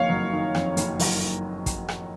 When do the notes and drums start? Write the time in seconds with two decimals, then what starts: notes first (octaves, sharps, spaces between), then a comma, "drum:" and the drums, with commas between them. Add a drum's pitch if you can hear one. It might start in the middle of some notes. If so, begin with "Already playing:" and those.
Already playing: F#1 F2 D#3 C#5 F5
0.10 F#3
0.33 D#3
0.55 F2, drum: rim click
0.77 F#1, drum: hi-hat
0.99 F#3, drum: open hi-hat
1.66 drum: kick, hi-hat
1.88 drum: rim click